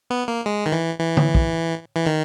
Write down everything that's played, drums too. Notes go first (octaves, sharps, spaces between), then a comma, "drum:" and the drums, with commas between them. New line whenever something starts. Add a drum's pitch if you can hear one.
B3
A#3
G#3
D#3
E3
E3
drum: tom D3
drum: kick
E3
D#3